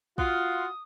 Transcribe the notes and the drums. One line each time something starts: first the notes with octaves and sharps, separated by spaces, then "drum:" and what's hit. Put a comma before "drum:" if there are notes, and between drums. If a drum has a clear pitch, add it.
F4 F#4 D#6, drum: kick